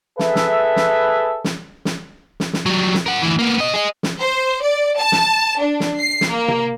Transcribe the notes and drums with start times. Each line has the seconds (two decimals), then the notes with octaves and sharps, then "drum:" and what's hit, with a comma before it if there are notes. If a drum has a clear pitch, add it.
0.19 G#4 A4 B4 E5, drum: snare
0.35 drum: snare
0.76 drum: snare
1.44 drum: snare
1.85 drum: snare
2.40 drum: snare
2.53 drum: snare
2.66 F#3 G3
2.94 drum: snare
3.06 A#4 F#5
3.22 D2 E3
3.39 A#3 B3
3.58 B3 D#5
3.74 G#4 D#5
4.03 drum: snare
4.20 C5
4.62 D5
4.99 A5
5.12 drum: snare
5.61 D4
5.80 drum: snare
6.00 C7
6.21 drum: snare
6.32 A#3
6.48 drum: tom C3